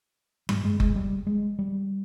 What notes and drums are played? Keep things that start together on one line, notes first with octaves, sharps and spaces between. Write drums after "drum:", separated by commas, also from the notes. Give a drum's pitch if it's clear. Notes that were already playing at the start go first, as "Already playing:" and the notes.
G3, drum: tom G2
G#3
G#3, drum: kick F#1
G3
G#3
G3